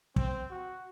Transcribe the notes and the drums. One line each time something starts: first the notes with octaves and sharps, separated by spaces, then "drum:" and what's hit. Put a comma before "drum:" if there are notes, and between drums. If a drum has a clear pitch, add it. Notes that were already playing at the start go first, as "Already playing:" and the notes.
C4, drum: kick
F#4